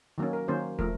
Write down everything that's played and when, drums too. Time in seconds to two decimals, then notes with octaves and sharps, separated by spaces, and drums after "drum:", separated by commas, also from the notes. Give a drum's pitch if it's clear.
0.18 D#3 F#3 A#3 C#4
0.33 A#4
0.48 D#3 F#3 A#3 C#4 C5
0.79 F3 A3 A#4, drum: kick